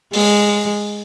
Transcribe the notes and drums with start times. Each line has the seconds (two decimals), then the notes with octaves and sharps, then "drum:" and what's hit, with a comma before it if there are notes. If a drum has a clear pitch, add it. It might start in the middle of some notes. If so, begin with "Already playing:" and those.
0.13 G#3, drum: open hi-hat